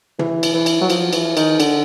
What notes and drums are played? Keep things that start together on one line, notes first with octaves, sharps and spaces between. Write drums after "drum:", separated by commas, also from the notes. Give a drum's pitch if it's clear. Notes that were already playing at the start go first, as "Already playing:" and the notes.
E3, drum: tom
drum: cymbal
E3
drum: cymbal
F#3
F3, drum: cymbal
E3, drum: cymbal
D#3, drum: cymbal
D3, drum: cymbal